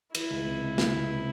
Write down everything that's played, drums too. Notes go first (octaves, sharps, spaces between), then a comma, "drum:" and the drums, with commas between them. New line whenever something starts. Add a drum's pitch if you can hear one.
E3 E4, drum: cymbal
C#2
C3
C#2
E3, drum: snare
C#2
C3